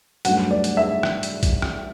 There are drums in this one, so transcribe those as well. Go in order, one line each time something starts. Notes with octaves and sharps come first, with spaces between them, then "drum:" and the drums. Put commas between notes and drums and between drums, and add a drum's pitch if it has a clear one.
G2 F#3 A3 C#4 F#5, drum: hi-hat
D5
drum: hi-hat
E5
drum: rim click
drum: hi-hat
drum: kick B1, hi-hat
drum: rim click